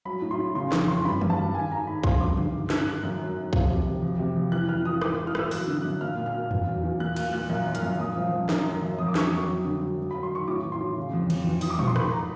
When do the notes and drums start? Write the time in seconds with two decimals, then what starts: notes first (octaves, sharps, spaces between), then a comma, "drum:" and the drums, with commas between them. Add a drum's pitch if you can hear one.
0.05 F#3 B5
0.22 A2
0.31 C6
0.39 A2
0.55 C#3 C6
0.72 F2 C#6, drum: snare
0.88 E3 C6
1.05 G2 B5
1.21 G2, drum: tom D#3
1.30 A5
1.38 G2
1.54 D#3 G#5
1.71 G#2 A#5
1.87 G#2 B5
2.04 F3 C6, drum: kick B1
2.20 G2 D6
2.37 D3, drum: tom C3
2.53 G#2
2.70 G#2, drum: snare
2.78 F#6
2.86 D#3
3.03 F#2 F#6
3.19 F#3
3.36 D#3
3.53 F3, drum: kick B1
3.69 C3
3.86 C3
4.02 F2
4.19 C3
4.36 F2
4.52 E3 F#6
4.69 E3 F6
4.85 E3 D#6
5.02 G#2 D6, drum: rim click
5.15 E3 D#6
5.27 F6
5.35 E3 E6, drum: rim click
5.51 F#3 F#6, drum: open hi-hat
5.68 D3
5.77 F#6
5.85 F#2
6.01 A#2 F6
6.17 A#2
6.26 F6
6.34 A#2
6.51 E2, drum: tom E2
6.67 F#3
6.84 E2
7.00 A#2 F#6
7.16 A#2 F#6, drum: cymbal
7.33 A#2 F#6
7.50 F#2 F#6
7.66 D#3
7.75 F6, drum: hi-hat
7.83 F#2
7.99 A#2 D#6
8.16 F3
8.32 F3
8.49 F#2, drum: snare
8.65 D#3
8.82 F#2
8.98 F2 D#6
9.08 D6
9.15 F#3 C#6, drum: snare
9.28 F2 D6
9.48 F#3
9.65 D3
9.81 F#3
9.98 F#3
10.11 F#3 B5
10.23 C6
10.31 D#3 C#6
10.48 A2 D6
10.64 E3
10.72 C6
10.81 A2
10.97 C#3
11.14 F2
11.30 F2, drum: cymbal
11.47 E2
11.61 E2 D#6, drum: open hi-hat
11.70 D6
11.79 F3 C#6, drum: tom A#2
11.88 C6
11.96 G#2 B5, drum: rim click
12.12 A#5